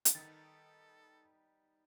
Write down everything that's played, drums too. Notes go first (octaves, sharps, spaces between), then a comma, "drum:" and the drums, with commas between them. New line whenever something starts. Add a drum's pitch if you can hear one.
drum: hi-hat
D#3 G3 B3 D#4 A4 A6